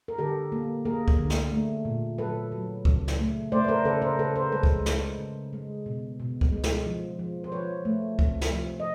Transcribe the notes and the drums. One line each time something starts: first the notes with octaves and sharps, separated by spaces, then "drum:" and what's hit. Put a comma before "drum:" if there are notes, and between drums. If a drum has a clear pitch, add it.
A#4
D3 G4 A4
A#3
A#3 G#4 A#4
drum: kick C#2
D3
drum: snare
A3
A#2
F#3 A4 B4
F#3
C#3, drum: kick C#2
drum: snare
A3
A3 C5 D5
B4
A#4 C5
C#3 A4 B4
A#4 C5
C#3 A4 B4
A#4 C5
G#3 A4 B4
drum: kick C#2
G#3, drum: snare
C#3
G#3
B2
B2
drum: kick C#2
G#3
drum: snare
F3
F3
C5
F3 B4 C#5
A3
C3, drum: kick C#2
drum: snare
F3
D#5